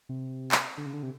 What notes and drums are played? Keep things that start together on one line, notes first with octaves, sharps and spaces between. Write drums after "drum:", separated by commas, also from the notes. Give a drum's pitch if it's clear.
C3
drum: clap
D3
C#3
D3
C3